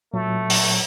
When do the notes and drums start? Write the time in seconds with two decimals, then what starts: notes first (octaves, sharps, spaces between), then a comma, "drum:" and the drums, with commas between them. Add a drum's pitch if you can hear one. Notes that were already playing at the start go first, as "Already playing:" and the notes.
0.14 A#2 F#3 A3
0.50 drum: open hi-hat